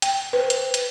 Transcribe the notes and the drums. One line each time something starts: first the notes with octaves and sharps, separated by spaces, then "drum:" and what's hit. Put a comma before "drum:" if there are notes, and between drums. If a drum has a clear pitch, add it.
G5, drum: hi-hat
B4 C5
drum: hi-hat
drum: hi-hat